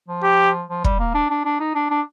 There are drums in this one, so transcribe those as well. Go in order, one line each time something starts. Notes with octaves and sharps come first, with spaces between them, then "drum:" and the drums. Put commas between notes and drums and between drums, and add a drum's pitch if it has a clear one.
F3
G4
F3
G3, drum: kick
A#3
D4
D4
D4
D#4
D4
D4